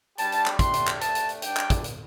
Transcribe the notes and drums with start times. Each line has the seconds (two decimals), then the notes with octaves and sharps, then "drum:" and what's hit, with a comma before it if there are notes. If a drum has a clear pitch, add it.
0.18 G3 D4 G4 A5, drum: hi-hat
0.32 drum: hi-hat
0.46 drum: clap
0.59 A3 D4 G4 C6, drum: kick, hi-hat
0.74 drum: hi-hat
0.87 drum: clap
1.01 A3 D4 G4 A5, drum: hi-hat
1.15 drum: hi-hat
1.29 drum: hi-hat
1.42 G3 D4 G4 G5, drum: hi-hat
1.56 drum: clap
1.70 drum: kick, hi-hat
1.84 drum: hi-hat